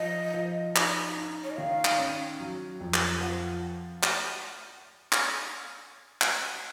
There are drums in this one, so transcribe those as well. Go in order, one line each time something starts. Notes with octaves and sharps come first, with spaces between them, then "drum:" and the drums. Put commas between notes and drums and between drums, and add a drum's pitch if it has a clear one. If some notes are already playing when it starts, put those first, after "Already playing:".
Already playing: F3 D#5
F3
D#4, drum: clap
D#4
C#5
D#5
D#3 F5
drum: clap
C#4
F#3
F2
drum: clap
F3 F#5
drum: clap
drum: clap
drum: clap